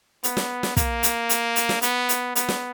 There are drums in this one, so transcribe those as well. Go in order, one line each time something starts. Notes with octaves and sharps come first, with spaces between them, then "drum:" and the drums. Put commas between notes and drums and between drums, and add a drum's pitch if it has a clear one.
B3, drum: hi-hat
drum: snare
drum: snare
A#3, drum: kick, hi-hat
drum: hi-hat
drum: hi-hat
drum: hi-hat
drum: snare
B3, drum: hi-hat
drum: hi-hat
B3, drum: hi-hat
drum: snare